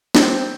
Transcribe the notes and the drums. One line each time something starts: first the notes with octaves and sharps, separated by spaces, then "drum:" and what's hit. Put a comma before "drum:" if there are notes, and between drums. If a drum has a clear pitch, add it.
C4, drum: snare